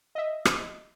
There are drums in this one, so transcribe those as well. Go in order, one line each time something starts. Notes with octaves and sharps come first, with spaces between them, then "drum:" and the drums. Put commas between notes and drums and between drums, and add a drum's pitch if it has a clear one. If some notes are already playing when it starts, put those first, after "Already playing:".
D#5 E5
drum: rim click